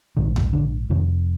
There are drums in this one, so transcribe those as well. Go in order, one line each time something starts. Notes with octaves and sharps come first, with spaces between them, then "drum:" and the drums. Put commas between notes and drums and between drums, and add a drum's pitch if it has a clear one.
A#1 G#2 D#3
drum: tom D#2
D3
F1 F2 C3 D#3